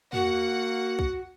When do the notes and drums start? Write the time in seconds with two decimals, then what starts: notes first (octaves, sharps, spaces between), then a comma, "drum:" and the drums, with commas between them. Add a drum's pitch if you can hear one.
0.13 A#3 F#4 F#5, drum: tom
0.99 drum: kick B1